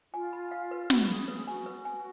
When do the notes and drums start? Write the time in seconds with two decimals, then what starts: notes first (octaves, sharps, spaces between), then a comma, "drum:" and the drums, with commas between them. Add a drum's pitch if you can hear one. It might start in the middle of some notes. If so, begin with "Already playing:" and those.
0.14 F4 G#5
0.33 B5
0.51 F5
0.71 B4
0.90 F#4 B5, drum: snare
1.09 G#4 B5
1.28 G#4 B4
1.47 F#4 G#5
1.66 B4
1.85 G#5